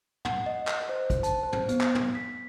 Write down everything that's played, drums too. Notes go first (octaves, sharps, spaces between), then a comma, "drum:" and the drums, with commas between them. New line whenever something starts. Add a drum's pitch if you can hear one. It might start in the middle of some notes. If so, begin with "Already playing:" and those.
F#5, drum: tom
D#5
drum: clap
C5
drum: kick, hi-hat
A5, drum: hi-hat
C5
drum: tom
B3, drum: hi-hat
drum: clap
drum: tom
B6